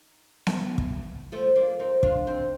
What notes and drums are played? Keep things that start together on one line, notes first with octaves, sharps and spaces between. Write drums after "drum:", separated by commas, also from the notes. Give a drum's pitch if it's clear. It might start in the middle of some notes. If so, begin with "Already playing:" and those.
Already playing: D#4
drum: snare B3
drum: kick
F3 A3
A#3 D4
C4 D#4
D4 F4, drum: kick
C4 D#4